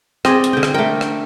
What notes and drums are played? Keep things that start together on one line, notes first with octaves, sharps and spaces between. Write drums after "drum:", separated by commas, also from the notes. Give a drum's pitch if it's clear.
C4 G#4 D5 D#5, drum: rim click
drum: hi-hat
D3 G5
drum: rim click
A3 A#4 G5
drum: rim click